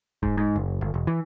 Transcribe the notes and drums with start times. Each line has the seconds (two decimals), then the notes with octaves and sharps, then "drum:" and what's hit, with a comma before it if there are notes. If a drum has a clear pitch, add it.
0.23 G#2, drum: kick D#1
0.37 G#2
0.56 F#1
0.81 G1
0.94 E1
1.07 E3